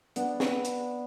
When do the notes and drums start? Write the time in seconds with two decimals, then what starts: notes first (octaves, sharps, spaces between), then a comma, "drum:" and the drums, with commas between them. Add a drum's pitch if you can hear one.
0.16 B3 D4, drum: hi-hat
0.40 drum: snare
0.65 drum: hi-hat